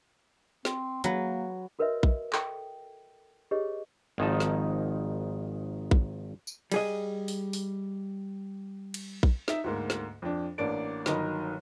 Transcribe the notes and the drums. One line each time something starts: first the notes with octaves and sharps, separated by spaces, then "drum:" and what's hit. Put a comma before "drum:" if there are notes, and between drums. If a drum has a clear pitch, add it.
C4, drum: snare
F#3 A#3 B4, drum: hi-hat
F#4 A#4 B4 C#5 D#5 E5
drum: kick A#1
A4 G5, drum: clap
G4 G#4 B4 C#5 D#5
G#1 D#3 F3 D#4 A5
drum: snare
drum: kick A#1
drum: tambourine
G3 G#4 D#5, drum: cymbal
drum: open hi-hat
drum: open hi-hat
drum: cymbal
drum: kick A#1
D#4 E5, drum: snare
D2 G#2 A#3
drum: snare
F2 D4
A1 A#3 D4 D5 D7
G1 D#3 F#3 A#4 D#5 B5, drum: snare